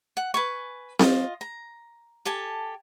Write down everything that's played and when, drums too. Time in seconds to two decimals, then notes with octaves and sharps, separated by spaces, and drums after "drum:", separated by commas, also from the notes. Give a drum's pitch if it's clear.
0.17 F#5
0.34 B4 G#5 C#6
0.99 F4 D#5, drum: snare C4
1.41 A#5
2.25 G4 A4 G#5 A5